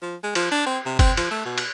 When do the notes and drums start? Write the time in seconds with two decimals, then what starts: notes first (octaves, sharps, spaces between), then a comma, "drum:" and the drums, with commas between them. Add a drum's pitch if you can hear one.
0.02 F3
0.24 G#3
0.35 F3, drum: cymbal
0.52 D4
0.66 C4
0.86 C3
0.99 C4, drum: kick F#1, cymbal
1.17 F3, drum: cymbal
1.31 A3
1.46 B2
1.58 drum: cymbal